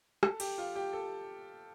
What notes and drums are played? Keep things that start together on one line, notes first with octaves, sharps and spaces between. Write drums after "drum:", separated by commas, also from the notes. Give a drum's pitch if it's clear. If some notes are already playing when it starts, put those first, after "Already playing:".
A4, drum: rim click
G4, drum: cymbal
F4
G4
A4